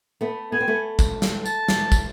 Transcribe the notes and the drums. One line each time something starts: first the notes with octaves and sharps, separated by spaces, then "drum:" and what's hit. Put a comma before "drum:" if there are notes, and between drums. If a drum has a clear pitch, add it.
A3 B3
B3 G#5
C4
A3 B3
drum: kick, tambourine
drum: snare
A5, drum: tambourine
drum: snare
drum: kick, tambourine